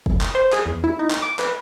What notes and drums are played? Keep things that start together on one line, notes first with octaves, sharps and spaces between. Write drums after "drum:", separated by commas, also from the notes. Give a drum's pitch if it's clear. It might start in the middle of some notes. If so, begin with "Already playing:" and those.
drum: kick
drum: clap
C5
G#4, drum: clap
E2
E4
D#4
drum: clap
D6
B4, drum: clap